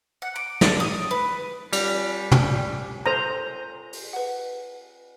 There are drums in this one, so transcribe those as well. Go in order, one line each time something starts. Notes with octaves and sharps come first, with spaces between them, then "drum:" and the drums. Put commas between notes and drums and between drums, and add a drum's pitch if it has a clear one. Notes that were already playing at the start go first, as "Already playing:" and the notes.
F#5
D6
D4, drum: snare
D#6
B4
G3, drum: cymbal
drum: tom
A4 C5 A#5 D#7
drum: open hi-hat
B4 F#5